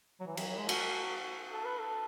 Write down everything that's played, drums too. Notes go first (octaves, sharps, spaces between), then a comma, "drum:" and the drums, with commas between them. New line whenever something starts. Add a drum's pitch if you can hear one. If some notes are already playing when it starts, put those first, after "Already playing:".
F#3
E3
F#3, drum: cymbal
F#3
G#3
F#4, drum: cymbal
A4
B4
A4